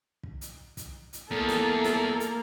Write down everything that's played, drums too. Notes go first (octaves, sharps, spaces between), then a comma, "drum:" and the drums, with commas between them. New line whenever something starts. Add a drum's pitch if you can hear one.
drum: kick
drum: hi-hat
drum: kick, hi-hat
drum: hi-hat
E2 A#3 A4, drum: kick
drum: snare
drum: snare
drum: hi-hat